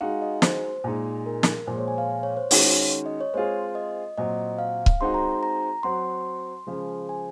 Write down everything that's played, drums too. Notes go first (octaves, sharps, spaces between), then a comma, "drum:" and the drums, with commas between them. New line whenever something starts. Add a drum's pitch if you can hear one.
G#3 D#4 F#4 F5
D#5
C5, drum: snare
A#2 G#3 D#4
A#4
drum: snare
A#2 F3 G#3 C5
C#5
G#5
F5
C#5
C5
D#3 G#3 C#4 F#4 C#5, drum: open hi-hat
D#5
C#5
G#3 C4 F4 G#4 C5
D#5
A#2 F#3 C4 D#5
F5
drum: kick C#1
G#3 C4 D#4 F#4 C6
A#5
A#5
F#3 C4 F#4 C6
C#3 F3 G#3
G#5